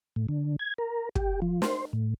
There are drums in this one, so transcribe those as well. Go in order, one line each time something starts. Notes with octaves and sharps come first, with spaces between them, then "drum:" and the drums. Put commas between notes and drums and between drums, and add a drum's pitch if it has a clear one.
A2
D3
G#6
A#4
G4, drum: kick
F3
C5, drum: snare
A2